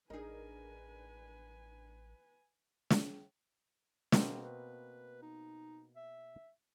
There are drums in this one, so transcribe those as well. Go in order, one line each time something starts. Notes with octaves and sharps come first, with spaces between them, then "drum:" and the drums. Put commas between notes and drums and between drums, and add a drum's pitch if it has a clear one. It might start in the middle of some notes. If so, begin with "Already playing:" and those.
A1 D4 D#4 G#4 A#4 B4 G#5
drum: snare
B2 A#3 C4, drum: snare
B4
D#4
E5